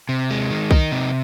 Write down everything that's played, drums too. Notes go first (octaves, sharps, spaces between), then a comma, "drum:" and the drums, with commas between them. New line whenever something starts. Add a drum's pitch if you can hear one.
C3
G#3
D#3
D#4, drum: kick B1
C3